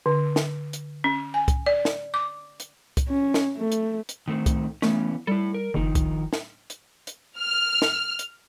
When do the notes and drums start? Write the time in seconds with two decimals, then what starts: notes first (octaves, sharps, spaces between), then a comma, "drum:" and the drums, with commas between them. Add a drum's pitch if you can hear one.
0.06 D3
0.36 drum: snare
0.73 drum: hi-hat
1.04 C#4
1.34 G#5
1.48 drum: kick C2, hi-hat
1.66 D5
1.85 drum: snare
2.14 D6
2.60 drum: hi-hat
2.97 drum: kick C2, hi-hat
3.08 C#4
3.34 drum: snare
3.57 A3
3.72 drum: hi-hat
4.09 drum: hi-hat
4.28 D#3 A3 C4
4.46 drum: kick C2, hi-hat
4.82 E3 A3 B3 C#4, drum: snare
5.27 G3 E4 A4
5.54 A#4
5.74 F#1 D#3 F3 D#4
5.95 drum: kick C2, hi-hat
6.33 drum: snare
6.70 drum: hi-hat
7.07 drum: hi-hat
7.38 F6
7.82 drum: snare
8.19 drum: hi-hat